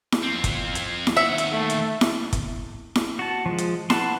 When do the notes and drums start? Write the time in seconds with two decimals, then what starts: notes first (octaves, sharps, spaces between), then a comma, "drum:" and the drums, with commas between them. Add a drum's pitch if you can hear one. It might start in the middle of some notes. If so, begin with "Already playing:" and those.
0.12 drum: snare E4
0.23 F2 C4
0.44 drum: kick, hi-hat
0.75 drum: hi-hat
1.07 drum: snare E4
1.17 D#2 E5 F#5
1.38 drum: hi-hat
1.52 A3
1.70 drum: hi-hat
2.01 drum: snare E4
2.33 drum: kick, hi-hat
2.95 drum: snare E4
3.19 F#4 A5
3.46 F3 G#3
3.58 drum: hi-hat
3.90 B4 F#5 A5 C6, drum: snare E4